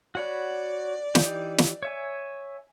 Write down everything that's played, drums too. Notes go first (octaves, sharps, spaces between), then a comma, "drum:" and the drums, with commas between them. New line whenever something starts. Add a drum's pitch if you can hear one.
F#4 C#5 D5 B5
E3 D#4 G4, drum: snare
drum: snare
C#5 E5 G#5